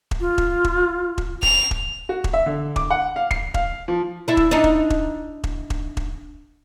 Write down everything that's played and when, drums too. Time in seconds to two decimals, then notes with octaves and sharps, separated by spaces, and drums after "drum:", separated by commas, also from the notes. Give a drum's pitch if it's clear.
0.11 drum: kick E1
0.20 F4
0.38 drum: kick E1
0.64 drum: kick E1
1.18 drum: kick E1
1.43 F7, drum: kick E1
1.71 drum: kick E1
2.09 F#4
2.24 drum: kick E1
2.33 E5
2.46 D3
2.76 D6, drum: kick E1
2.90 F#5
3.16 F5
3.31 C7, drum: kick E1
3.54 F5, drum: kick E1
3.88 F3
4.28 D4 E4
4.37 drum: kick E1
4.51 D4 D#4
4.64 drum: kick E1
4.90 drum: kick E1
5.44 drum: kick E1
5.70 drum: kick E1
5.97 drum: kick E1